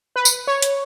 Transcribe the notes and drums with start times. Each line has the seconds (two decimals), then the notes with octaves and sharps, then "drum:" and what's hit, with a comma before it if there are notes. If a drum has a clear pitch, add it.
0.16 B4
0.25 drum: tambourine
0.47 C#5
0.62 drum: hi-hat